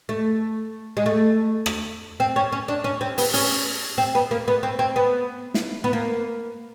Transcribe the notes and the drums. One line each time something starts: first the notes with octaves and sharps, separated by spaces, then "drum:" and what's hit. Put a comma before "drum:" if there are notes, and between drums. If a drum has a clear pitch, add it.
A3
G#3
A3
drum: rim click
C4
C#4
C#4
D4
C#4
C4
B3, drum: open hi-hat
C#4, drum: open hi-hat
C4
B3
A#3
B3
C4
C4
B3
drum: snare
B3
A#3